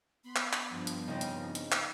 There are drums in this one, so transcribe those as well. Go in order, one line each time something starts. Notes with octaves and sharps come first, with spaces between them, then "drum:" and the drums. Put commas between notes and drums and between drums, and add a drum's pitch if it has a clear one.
B3 B5 C6
drum: clap
drum: clap
G2 F3
drum: hi-hat
C#3 C4 D#4
drum: hi-hat
drum: hi-hat
drum: clap